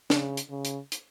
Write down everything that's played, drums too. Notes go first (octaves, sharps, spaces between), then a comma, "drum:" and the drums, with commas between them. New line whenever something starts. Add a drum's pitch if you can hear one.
C#3, drum: snare
drum: hi-hat
C#3
drum: hi-hat
drum: hi-hat